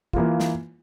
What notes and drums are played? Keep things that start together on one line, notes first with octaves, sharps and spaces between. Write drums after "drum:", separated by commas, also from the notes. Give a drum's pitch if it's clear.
E3 A#3 F4, drum: kick
drum: snare